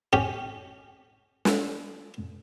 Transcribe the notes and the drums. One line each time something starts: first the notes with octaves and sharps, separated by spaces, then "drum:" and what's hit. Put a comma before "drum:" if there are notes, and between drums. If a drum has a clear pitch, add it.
C#4 G4
drum: snare